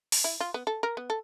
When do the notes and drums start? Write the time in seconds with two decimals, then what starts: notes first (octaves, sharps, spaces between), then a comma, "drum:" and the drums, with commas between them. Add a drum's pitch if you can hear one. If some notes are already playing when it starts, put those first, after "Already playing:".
0.12 drum: open hi-hat
0.24 E4
0.40 F4
0.54 B3
0.67 A4
0.83 A#4
0.97 B3
1.10 A4